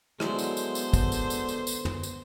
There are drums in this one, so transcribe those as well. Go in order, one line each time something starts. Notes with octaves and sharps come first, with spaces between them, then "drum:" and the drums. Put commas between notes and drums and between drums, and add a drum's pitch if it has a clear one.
D3 F#3 G#3 B3 E4 C5, drum: rim click
drum: tambourine
drum: tambourine
drum: tambourine
drum: kick, tambourine
drum: tambourine
drum: tambourine
drum: tambourine
drum: tambourine
drum: tom
drum: tambourine